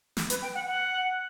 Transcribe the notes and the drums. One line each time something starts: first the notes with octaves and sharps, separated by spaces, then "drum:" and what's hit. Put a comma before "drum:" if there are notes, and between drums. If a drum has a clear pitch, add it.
drum: snare
B4, drum: hi-hat
G5
F#5
F#5